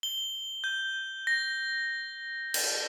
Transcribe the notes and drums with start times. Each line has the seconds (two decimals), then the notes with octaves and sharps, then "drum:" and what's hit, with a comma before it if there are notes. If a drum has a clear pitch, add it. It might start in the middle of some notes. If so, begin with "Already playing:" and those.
0.03 G7
0.64 G6
1.27 A#6
2.54 drum: cymbal